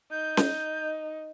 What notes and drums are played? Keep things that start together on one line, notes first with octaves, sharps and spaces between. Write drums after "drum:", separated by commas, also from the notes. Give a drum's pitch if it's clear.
D#4 G6
drum: snare C#4